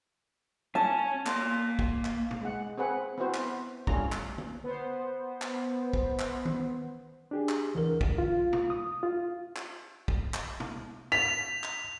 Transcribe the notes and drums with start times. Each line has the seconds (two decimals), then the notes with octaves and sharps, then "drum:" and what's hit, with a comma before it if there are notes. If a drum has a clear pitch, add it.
0.75 C#4 A5
1.26 A#3 C6, drum: clap
1.79 drum: kick
2.05 drum: clap
2.31 drum: tom
2.41 G#3 F#5
2.78 C4 G#4 B4 F#5
3.18 B3 C4 E4 F#4 C5
3.34 drum: clap
3.87 G3 A3 C#4 D4 F4 A#5, drum: kick
4.12 drum: clap
4.38 drum: tom D3
4.64 B3 C5
5.42 drum: clap
5.93 drum: kick
6.19 drum: clap
6.45 drum: tom D#3
7.31 D4 G4 G#4
7.49 drum: clap
7.75 E2 D3 E3 A#4
8.01 drum: kick
8.18 F4
8.53 drum: tom
8.70 D#6
9.03 F4
9.56 drum: clap
10.08 drum: kick
10.34 drum: clap
10.60 drum: tom
11.12 B6 F7
11.64 drum: clap